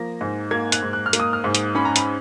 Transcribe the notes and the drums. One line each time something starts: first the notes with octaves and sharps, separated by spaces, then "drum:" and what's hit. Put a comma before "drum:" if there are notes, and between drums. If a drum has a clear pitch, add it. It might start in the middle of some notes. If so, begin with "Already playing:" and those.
Already playing: F3 A#3 A#6
G#2
A#3 G#6
F#6, drum: hi-hat
G#2
F#6
F6
A#3, drum: hi-hat
D#6
F6
G#2
drum: hi-hat
C#4 B5
A#5
B5, drum: hi-hat